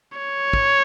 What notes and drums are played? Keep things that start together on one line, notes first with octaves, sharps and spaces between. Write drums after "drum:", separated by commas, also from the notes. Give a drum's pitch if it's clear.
C#5
drum: kick